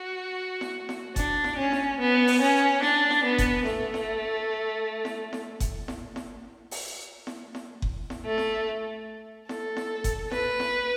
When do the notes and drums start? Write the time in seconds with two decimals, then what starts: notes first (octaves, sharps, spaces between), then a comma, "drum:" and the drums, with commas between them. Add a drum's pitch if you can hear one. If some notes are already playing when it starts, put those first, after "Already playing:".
Already playing: F#4
0.61 drum: snare E4
0.89 drum: snare E4
1.16 D4, drum: kick F#1, hi-hat
1.44 drum: snare E4
1.57 C#4
1.72 drum: snare E4
2.00 B3
2.27 drum: open hi-hat
2.41 C#4
2.82 D4, drum: snare E4
3.11 drum: snare E4
3.24 B3
3.38 drum: kick F#1, hi-hat
3.66 A3, drum: snare E4
3.94 drum: snare E4
5.05 drum: snare E4
5.33 drum: snare E4
5.60 drum: kick F#1, hi-hat
5.88 drum: snare E4
6.16 drum: snare E4
6.71 drum: open hi-hat
7.27 drum: snare E4
7.55 drum: snare E4
7.82 drum: kick F#1
8.10 drum: snare E4
8.25 A3
8.38 drum: snare E4
9.49 A4, drum: snare E4
9.77 drum: snare E4
10.04 drum: kick F#1, hi-hat
10.31 B4, drum: snare E4
10.60 drum: snare E4